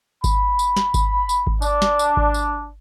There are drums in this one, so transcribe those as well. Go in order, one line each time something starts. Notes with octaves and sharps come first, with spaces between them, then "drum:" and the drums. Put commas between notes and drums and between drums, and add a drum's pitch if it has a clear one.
B5, drum: kick G#1, tambourine
drum: tambourine
drum: snare
drum: kick G#1, tambourine
drum: tambourine
drum: kick G#1
D4, drum: tambourine
drum: snare
drum: tambourine
drum: kick G#1
drum: tambourine